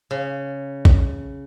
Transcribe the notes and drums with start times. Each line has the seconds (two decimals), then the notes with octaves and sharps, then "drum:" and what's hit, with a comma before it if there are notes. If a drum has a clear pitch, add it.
0.11 C#3
0.85 drum: kick A#1